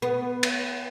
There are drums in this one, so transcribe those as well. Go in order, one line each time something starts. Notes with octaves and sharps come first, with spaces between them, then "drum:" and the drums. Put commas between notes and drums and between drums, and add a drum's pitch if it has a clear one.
B3
drum: cymbal